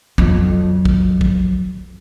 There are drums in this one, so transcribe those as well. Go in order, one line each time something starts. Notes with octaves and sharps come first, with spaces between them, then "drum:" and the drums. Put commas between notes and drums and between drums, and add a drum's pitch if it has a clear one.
F2 F#3, drum: kick
drum: kick
drum: kick